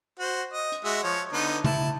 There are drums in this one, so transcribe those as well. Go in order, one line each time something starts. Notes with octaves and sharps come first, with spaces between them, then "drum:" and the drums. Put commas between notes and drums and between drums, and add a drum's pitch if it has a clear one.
F#4 C5
D#5
drum: hi-hat
G#3 F#4 E5
F3 C#5
D3 B3 D#4
E4 A5, drum: tom